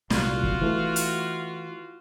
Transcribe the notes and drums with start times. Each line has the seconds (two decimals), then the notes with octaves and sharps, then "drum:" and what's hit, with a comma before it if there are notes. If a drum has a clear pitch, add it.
0.10 C2 A#2 F4 F#4, drum: snare
0.43 drum: kick
0.61 E3 A3
0.96 drum: hi-hat